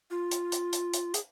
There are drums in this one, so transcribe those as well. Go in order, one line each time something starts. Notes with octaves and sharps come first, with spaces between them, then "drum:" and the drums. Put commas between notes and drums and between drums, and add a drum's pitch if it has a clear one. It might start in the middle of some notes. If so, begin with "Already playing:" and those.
F4
drum: hi-hat
drum: hi-hat
drum: hi-hat
drum: hi-hat
G#4, drum: hi-hat